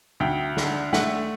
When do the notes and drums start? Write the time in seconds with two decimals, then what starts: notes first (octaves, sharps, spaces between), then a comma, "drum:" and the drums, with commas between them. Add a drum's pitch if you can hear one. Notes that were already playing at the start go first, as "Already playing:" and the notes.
0.20 D2 G5
0.57 D3, drum: snare
0.93 A3 F#5, drum: snare